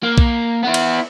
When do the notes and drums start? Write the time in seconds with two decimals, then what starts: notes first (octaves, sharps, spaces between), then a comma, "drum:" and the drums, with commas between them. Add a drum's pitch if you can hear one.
0.03 A#3
0.18 drum: kick B1
0.64 B3 E4
0.74 drum: cymbal